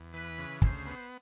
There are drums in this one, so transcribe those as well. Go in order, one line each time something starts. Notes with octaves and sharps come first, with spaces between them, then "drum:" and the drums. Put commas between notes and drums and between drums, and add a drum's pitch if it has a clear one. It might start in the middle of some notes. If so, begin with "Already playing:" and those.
Already playing: E2
E3 B4
C#3
D2 C5, drum: kick
B3